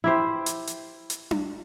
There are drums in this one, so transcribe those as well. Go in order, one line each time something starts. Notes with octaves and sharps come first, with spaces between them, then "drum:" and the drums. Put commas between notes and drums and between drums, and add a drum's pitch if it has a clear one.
E4 G4 C5
drum: hi-hat
drum: hi-hat
drum: hi-hat
drum: tom D4